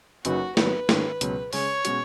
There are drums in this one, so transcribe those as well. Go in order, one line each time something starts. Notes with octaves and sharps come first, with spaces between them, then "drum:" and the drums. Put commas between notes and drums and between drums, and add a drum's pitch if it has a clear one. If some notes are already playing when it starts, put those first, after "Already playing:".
F#1 F#2 F#3 D#4 F#4 B4, drum: hi-hat
G#1 G#2 F#3 B3 B4, drum: snare
G#2 D#3 G#3 C#4, drum: snare
C#2 B2 F#3, drum: hi-hat
C#3 G#3 C#4 G#4 C#5, drum: open hi-hat
B2 G#3 C#4 F#4, drum: hi-hat